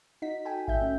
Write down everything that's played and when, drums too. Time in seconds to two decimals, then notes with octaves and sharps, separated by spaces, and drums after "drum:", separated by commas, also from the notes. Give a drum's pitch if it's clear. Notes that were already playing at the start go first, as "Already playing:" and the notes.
0.22 D#4 F#4 B6
0.45 A4 G5 G#5
0.68 G#1 E5 G5 G6, drum: kick A1
0.81 A3 C#4